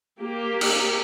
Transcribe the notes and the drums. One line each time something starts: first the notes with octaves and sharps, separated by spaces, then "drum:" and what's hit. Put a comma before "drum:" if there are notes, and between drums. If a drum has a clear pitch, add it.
A#3 G4
drum: cymbal